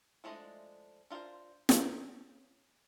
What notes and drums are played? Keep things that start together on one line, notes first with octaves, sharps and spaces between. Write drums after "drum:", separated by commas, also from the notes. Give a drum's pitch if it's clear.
F3 G#3 A3 D4 D#5
D4 F4 G#4 A#4 C5
C#4, drum: snare